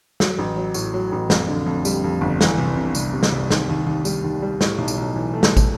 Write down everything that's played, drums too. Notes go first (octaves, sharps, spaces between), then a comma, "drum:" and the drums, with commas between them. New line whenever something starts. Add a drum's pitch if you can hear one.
F#3, drum: snare
A1
F#3
A2, drum: tambourine
F#3
A1
F2, drum: snare
D3
F2
G3, drum: tambourine
F2
G1
E3, drum: snare
C2
C3
C2, drum: tambourine
C3
drum: snare
C2
D#2, drum: snare
D#2
D#2
G3, drum: tambourine
D#2
G3
A2, drum: snare
B1
drum: tambourine
B1
E3
A3
drum: snare
drum: kick, tambourine